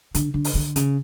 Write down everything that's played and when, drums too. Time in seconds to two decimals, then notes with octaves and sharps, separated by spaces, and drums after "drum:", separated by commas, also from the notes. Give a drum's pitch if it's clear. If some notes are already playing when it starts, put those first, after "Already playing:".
0.14 D3, drum: hi-hat
0.34 D3
0.44 drum: open hi-hat
0.55 D3
0.76 C#3, drum: hi-hat